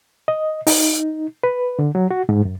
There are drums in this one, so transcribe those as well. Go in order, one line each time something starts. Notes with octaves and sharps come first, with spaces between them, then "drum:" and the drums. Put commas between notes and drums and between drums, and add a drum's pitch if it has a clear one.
D#5
D#4, drum: open hi-hat
B4
D3
F#3
F#4
G#2
F#2